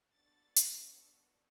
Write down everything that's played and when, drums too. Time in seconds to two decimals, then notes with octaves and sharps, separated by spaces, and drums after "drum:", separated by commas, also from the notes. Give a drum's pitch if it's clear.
0.13 B3 D4 F#4 A4 A6
0.56 drum: hi-hat